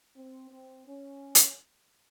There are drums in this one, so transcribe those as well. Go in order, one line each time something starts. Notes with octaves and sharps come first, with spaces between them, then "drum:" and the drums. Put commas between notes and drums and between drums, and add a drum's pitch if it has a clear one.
C4
C4
C#4
drum: hi-hat